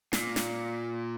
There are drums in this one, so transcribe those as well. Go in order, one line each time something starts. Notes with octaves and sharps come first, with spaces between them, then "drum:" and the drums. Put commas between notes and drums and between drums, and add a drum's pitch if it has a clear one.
A#2, drum: snare
drum: snare